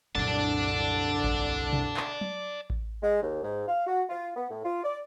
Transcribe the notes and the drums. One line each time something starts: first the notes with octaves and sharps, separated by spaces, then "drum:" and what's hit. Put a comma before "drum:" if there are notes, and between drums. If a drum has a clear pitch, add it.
C2 F#2 A#2 D3 D4 D5 A5
drum: kick A1
drum: tom B2
drum: clap
drum: tom F#3
drum: kick A1
G#3
D#2
G#2
F5
F#4
F4
B3
A2
F4
D5